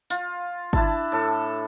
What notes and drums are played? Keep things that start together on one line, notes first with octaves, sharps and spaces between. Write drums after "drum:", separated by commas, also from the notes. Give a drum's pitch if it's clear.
F4, drum: hi-hat
D4 E4 A5, drum: kick G1
A2 A4